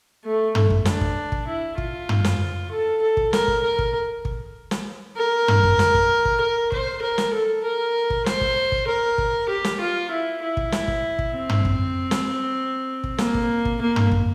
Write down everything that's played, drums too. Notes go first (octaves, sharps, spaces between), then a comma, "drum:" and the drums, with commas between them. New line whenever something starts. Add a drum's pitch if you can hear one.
A3
drum: tom
drum: kick
D4, drum: snare
drum: kick
drum: kick
E4
F4, drum: kick
drum: tom
drum: snare
A4
A4
drum: kick
A#4, drum: snare
drum: kick
A#4
drum: kick
drum: kick
drum: snare
A#4
drum: tom
drum: kick
drum: snare
drum: kick
drum: kick
A#4
C5, drum: kick
A#4
drum: snare
A4
A#4
drum: kick
C5, drum: snare
drum: kick
drum: kick
A#4
drum: kick
G4
drum: snare
F4
E4
E4
drum: kick
drum: snare
drum: kick
drum: kick
C4
drum: tom
drum: kick
drum: snare
drum: kick
A#3, drum: snare
drum: kick
drum: kick
A#3
drum: tom
drum: kick